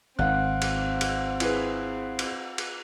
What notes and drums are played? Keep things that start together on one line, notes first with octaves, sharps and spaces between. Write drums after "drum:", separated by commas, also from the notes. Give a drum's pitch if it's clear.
G#1 G#2 C4 F5 F#5 F#6
drum: cymbal
drum: cymbal
E4 G#4 B4, drum: cymbal
drum: cymbal
drum: cymbal